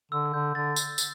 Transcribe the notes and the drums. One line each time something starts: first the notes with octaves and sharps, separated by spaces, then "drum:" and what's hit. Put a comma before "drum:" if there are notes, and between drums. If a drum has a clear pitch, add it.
D3 E6
E6
D3 G6
D3 A6
drum: tambourine
drum: tambourine